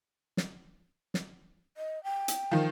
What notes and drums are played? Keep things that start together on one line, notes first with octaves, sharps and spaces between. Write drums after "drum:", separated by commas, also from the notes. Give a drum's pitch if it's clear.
drum: snare
drum: snare
D#5
G5
drum: hi-hat
D#3 F3